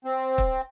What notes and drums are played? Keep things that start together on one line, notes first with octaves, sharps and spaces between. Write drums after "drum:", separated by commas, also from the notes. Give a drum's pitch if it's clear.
C4
drum: kick